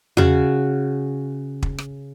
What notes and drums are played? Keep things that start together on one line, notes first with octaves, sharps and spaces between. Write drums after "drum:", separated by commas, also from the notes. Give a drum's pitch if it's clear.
C#3 F#4, drum: tom E2
drum: kick
drum: rim click